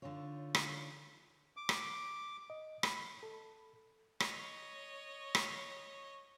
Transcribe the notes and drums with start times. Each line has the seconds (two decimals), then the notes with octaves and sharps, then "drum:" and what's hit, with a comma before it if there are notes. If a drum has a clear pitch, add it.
0.02 D3 D4 D#4 F4 C#5
0.55 drum: rim click
1.57 D6
1.69 drum: rim click
2.50 D#5
2.83 B5, drum: rim click
3.23 A4
4.20 C#5 D#5, drum: rim click
5.35 drum: rim click